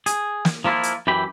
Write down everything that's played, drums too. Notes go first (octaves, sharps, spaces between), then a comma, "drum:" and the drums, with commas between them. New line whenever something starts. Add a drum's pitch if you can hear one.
G#4, drum: hi-hat
drum: snare
F3 A#3 E4 F4
drum: hi-hat
F#2 E3 G4 G5 B5